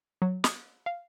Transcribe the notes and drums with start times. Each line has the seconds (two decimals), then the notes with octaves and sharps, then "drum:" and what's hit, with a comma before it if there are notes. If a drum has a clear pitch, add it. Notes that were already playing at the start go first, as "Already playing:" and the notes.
0.22 F#3
0.44 D#6, drum: snare
0.86 F5